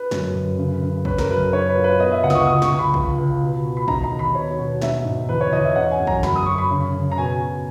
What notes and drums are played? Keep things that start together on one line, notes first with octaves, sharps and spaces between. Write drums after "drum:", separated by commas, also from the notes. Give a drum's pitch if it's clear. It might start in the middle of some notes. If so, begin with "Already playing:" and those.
Already playing: B4
F#2, drum: snare
F#2
C#3
C#3
C#4 B4, drum: kick
A#4, drum: snare
F#2 B4
D#4 C#5
B4
A#2
B4
B3 D#5
E5
C#2 F#5
D#6, drum: snare
C#6
C#2 D#6
C#6, drum: snare
C#2
B5
C#2, drum: kick
C#2
B2
B2
B5
D#4 A#5, drum: kick
A#5
D#2
B5
B2 C#5
B2
D#4 E5, drum: snare
G#2
E2 B4
C#5
E2 D#5
E5
C#4 F#5
G#5
F#2
A#5, drum: kick
F#2 B5, drum: snare
D#6
F#2 C#6
B5
C#3
C#3
A#5
B2 G#5
B2